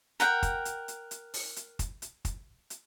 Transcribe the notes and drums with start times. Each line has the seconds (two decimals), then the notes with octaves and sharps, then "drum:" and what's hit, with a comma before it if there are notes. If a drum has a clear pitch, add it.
0.20 A#4 F#5 G5, drum: hi-hat
0.43 drum: kick, hi-hat
0.65 drum: hi-hat
0.88 drum: hi-hat
1.11 drum: hi-hat
1.34 drum: open hi-hat
1.56 drum: hi-hat
1.79 drum: kick, hi-hat
2.02 drum: hi-hat
2.25 drum: kick, hi-hat
2.70 drum: hi-hat